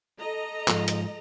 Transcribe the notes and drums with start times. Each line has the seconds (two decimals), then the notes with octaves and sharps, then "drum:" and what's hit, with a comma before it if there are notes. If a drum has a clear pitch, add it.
0.18 A4 D#5 A#5
0.68 G#2 F3, drum: clap
0.88 drum: hi-hat